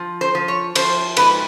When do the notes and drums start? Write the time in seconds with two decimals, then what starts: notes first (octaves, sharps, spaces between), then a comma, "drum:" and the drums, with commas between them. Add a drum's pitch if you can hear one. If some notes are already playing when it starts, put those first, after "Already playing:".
Already playing: F3
0.21 C5
0.35 F3
0.48 C#5
0.76 F3 C5, drum: cymbal
1.17 G#2 B4, drum: cymbal